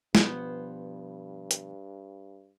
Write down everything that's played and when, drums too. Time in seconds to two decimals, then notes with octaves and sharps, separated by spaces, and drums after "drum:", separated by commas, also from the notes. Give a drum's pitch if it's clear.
0.15 G2 B2 F3 B3 C5, drum: snare
1.51 drum: hi-hat